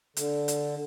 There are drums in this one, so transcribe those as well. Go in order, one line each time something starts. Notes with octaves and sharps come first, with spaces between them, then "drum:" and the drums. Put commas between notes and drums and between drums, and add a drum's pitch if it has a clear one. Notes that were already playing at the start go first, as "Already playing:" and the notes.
D3, drum: hi-hat
drum: hi-hat